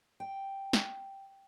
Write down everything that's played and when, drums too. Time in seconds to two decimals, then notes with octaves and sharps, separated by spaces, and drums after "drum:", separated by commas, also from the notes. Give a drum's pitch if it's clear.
0.20 G5
0.73 drum: snare